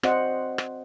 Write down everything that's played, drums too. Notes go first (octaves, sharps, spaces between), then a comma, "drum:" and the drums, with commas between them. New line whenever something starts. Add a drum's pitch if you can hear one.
C4 F#4 C5 D5 D#5 F#5, drum: rim click
drum: rim click